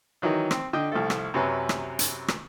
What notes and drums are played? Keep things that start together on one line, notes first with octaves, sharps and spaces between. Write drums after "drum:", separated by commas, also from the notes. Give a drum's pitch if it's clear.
D#3 E3 F#3 D#4
C4, drum: rim click
D3 D#5 G5
C2 F3 A3 A4
drum: rim click
F#2 C3 C#4 B4
drum: rim click
drum: hi-hat
drum: rim click